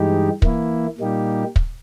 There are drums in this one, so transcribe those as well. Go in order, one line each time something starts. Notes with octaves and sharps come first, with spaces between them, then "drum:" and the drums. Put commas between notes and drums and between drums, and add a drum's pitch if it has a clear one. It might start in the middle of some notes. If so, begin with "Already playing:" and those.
Already playing: G2 E3 G#3 D#4 G4
E3 A#3 E4, drum: kick
A#2 G3 A#3 D#4 G4
drum: kick